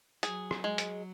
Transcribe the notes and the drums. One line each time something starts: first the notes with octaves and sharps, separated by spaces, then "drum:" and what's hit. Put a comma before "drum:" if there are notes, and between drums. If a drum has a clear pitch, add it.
F#3 G#4, drum: hi-hat
drum: rim click
G#3
drum: hi-hat